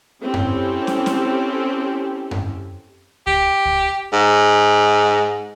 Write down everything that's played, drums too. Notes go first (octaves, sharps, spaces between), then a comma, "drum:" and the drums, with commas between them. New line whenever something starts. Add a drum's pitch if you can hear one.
C4 C#4 E4 G4 A4
drum: tom F#2
drum: snare
drum: snare
drum: tom F#2
G4, drum: kick C#2
drum: kick C#2
G#2